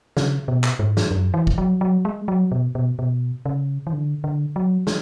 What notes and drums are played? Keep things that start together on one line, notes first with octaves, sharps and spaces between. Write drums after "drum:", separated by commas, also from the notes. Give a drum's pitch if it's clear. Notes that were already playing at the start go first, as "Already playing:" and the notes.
C#3, drum: snare
B2
drum: clap
G#2
drum: snare
F#2
E3
drum: kick
F#3
F#3
G#3
F#3
B2
B2
B2
C#3
E3
D3
D3
F#3
G#3, drum: snare